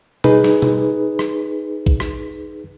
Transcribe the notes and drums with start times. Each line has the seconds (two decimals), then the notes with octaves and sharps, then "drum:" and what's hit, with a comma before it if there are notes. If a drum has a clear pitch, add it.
0.24 D#4 G#4 B4, drum: tom
0.44 drum: snare
0.62 drum: tom
1.19 drum: rim click
1.86 drum: kick A#1
2.00 drum: rim click